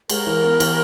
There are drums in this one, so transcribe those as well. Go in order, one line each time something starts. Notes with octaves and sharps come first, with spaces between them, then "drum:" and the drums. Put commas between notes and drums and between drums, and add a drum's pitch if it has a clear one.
G#3 A#4, drum: cymbal
E3
B3
E3, drum: cymbal